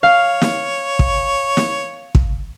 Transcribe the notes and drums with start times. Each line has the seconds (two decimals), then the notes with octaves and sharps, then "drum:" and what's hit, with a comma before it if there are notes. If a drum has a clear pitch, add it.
0.03 C#5 F5
0.42 drum: snare
0.99 drum: kick
1.57 drum: snare
2.15 drum: kick